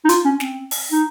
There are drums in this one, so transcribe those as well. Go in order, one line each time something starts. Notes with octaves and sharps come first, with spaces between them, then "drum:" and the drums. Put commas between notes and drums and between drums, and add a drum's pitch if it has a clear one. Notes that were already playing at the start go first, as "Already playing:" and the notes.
D#4
F4, drum: hi-hat
C#4
C4, drum: snare
drum: open hi-hat
D#4